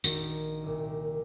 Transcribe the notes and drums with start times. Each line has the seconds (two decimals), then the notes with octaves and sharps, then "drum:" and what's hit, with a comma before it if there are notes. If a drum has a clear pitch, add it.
0.04 A#1 D#3 D#4 F#4, drum: tambourine
0.64 C2 A#2